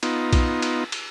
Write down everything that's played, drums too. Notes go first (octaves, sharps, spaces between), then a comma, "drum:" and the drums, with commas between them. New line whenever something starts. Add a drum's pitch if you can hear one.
B3 D#4 F4, drum: cymbal
drum: kick B1, cymbal
drum: cymbal
drum: cymbal